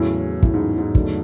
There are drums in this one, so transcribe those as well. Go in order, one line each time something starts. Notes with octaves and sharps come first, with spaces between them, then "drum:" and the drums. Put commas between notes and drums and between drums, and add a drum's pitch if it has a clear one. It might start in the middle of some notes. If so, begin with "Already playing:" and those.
Already playing: E2 A2 C#3 F#3 C#4
A2, drum: kick
G#2
G#2
E2 D3 F#3 A3, drum: kick